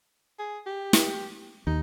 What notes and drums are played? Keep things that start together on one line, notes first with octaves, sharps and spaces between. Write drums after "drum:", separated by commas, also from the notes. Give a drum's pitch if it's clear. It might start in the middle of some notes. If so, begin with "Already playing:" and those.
G#4
G4
drum: snare
D#2 D#4